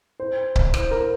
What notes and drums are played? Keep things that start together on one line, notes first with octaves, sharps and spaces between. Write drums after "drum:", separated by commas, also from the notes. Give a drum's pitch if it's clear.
C5
drum: kick C#1
C5, drum: rim click
A#4